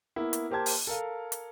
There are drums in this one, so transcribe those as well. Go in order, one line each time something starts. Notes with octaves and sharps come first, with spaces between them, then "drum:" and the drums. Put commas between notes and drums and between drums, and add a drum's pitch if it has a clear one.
A#3 B3 E4
drum: hi-hat
A#3 G4 C5 A5 G#6
drum: open hi-hat
A4 A#4 F5
drum: hi-hat